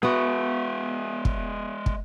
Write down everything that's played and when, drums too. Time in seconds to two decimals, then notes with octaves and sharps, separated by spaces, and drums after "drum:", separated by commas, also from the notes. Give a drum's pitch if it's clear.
0.03 G#3 B3 F#4 E5
1.25 drum: kick
1.86 drum: kick